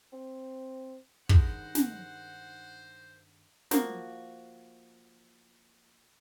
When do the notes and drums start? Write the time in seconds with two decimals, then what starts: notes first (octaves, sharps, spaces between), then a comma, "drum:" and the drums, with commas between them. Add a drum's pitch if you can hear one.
0.13 C4
1.29 G2 D#3 G#3 D#4 C5 F#5 A#6, drum: kick
1.75 drum: snare
3.71 F3 A#3 F#4, drum: snare